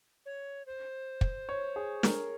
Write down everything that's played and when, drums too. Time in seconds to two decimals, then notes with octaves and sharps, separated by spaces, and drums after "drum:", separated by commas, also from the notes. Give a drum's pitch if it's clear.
0.26 C#5
0.66 C5
1.21 drum: kick
1.49 C#5
1.76 G#4
2.03 A#4, drum: snare